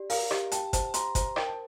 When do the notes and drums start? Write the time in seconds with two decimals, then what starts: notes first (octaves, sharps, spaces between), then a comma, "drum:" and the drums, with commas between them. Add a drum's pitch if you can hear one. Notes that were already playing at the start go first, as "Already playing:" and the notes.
Already playing: G4 D5
0.10 A#4 F5, drum: open hi-hat
0.31 G4, drum: rim click
0.52 G5 A5, drum: hi-hat
0.73 C5 A5, drum: kick G1, hi-hat
0.94 A#5 C6, drum: hi-hat
1.15 C5 A#5, drum: kick G1, hi-hat
1.36 A#4 G5, drum: rim click
1.47 A5